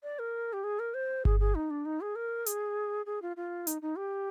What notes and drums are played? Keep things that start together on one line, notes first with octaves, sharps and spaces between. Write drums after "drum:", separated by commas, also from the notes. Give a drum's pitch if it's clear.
D5
A#4
G4
G#4
A#4
C5
G#4, drum: kick G1
G#4
D#4
D4
D#4
G#4
A#4
G#4, drum: hi-hat
G#4
F4
F4
D#4, drum: hi-hat
D#4
G4